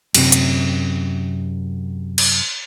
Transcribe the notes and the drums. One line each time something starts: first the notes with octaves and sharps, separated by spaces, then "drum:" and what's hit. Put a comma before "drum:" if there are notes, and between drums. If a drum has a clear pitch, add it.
F#2 C3, drum: cymbal
drum: hi-hat
drum: cymbal